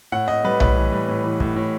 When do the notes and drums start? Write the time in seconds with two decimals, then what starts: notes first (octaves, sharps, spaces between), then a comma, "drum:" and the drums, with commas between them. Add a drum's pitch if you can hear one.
0.12 A2 F#5
0.28 A2 D#5
0.44 G3 B4
0.60 A2 B4, drum: tom B1
0.77 E3
0.92 G3
1.08 A2
1.24 E3
1.40 A2, drum: kick
1.56 A2